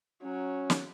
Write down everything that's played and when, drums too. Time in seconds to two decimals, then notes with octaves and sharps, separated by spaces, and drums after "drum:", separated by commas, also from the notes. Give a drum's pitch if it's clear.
0.23 F#3 C#4
0.70 drum: snare